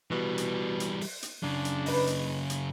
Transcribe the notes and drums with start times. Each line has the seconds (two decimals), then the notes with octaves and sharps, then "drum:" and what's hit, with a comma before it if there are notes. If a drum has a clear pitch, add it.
0.11 B2 E3 G3
0.38 drum: hi-hat
0.80 drum: hi-hat
1.01 drum: open hi-hat
1.22 drum: hi-hat
1.43 F#2 C#3 D4
1.65 drum: hi-hat
1.86 D#4 B4, drum: open hi-hat
2.07 drum: hi-hat
2.50 drum: hi-hat